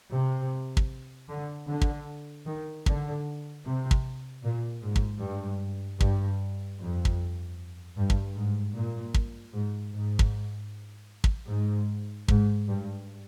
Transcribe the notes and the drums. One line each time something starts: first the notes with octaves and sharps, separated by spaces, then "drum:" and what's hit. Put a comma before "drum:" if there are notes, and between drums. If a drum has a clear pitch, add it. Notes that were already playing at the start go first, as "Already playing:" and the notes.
C3
drum: kick
D3
D3
drum: kick
D#3
D3, drum: kick
C3
drum: kick
A#2
G#2
drum: kick
G2
G2, drum: kick
F2
drum: kick
G2
drum: kick
G#2
A#2
drum: kick
G#2
G#2
drum: kick
drum: kick
G#2
G#2, drum: kick
G2